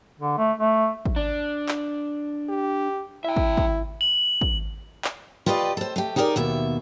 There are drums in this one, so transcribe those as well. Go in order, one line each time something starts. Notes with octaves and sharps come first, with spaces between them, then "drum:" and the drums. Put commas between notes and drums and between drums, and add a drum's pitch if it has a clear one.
D3
A3
A3
drum: kick
D4
drum: clap
G4
E4 E5 G5
drum: kick
drum: kick
F#7
drum: kick
drum: clap
F4 G4 B4 D5 D#5
A4 C5
A3 G4
D#4 G4 G#4 A#4 C5 D5
D#2 B2 E5